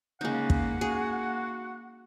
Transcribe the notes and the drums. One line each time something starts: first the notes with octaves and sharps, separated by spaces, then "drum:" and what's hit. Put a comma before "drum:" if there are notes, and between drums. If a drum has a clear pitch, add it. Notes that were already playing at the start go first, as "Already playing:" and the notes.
C#3 G#3 A#3 D#4 F#5
drum: kick
A#3 F#4 G#4